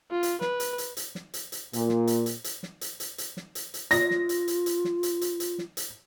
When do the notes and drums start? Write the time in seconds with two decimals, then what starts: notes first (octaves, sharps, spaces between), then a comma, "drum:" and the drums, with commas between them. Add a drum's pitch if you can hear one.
0.11 F4
0.23 drum: hi-hat
0.41 B4, drum: snare
0.60 drum: hi-hat
0.78 drum: hi-hat
0.97 drum: hi-hat
1.15 drum: snare
1.34 drum: hi-hat
1.52 drum: hi-hat
1.73 A#2, drum: hi-hat
1.89 drum: snare
2.07 drum: hi-hat
2.26 drum: hi-hat
2.44 drum: hi-hat
2.63 drum: snare
2.81 drum: hi-hat
3.00 drum: hi-hat
3.18 drum: hi-hat
3.37 drum: snare
3.55 drum: hi-hat
3.74 drum: hi-hat
3.91 F4 A#6, drum: hi-hat
4.11 drum: snare
4.29 drum: hi-hat
4.48 drum: hi-hat
4.66 drum: hi-hat
4.84 drum: snare
5.03 drum: hi-hat
5.21 drum: hi-hat
5.40 drum: hi-hat
5.58 drum: snare
5.77 drum: hi-hat